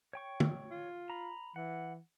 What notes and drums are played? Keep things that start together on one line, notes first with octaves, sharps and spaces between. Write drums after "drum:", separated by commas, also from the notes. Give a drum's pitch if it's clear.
C#5 G5 C#6
drum: tom
F4
A#5 B5
E3 F#5